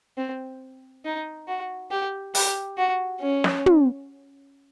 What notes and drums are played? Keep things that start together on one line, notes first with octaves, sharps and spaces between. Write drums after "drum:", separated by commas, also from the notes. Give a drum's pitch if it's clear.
C4
D#4
F#4
G4
G4, drum: open hi-hat
F#4
C#4
drum: snare
drum: tom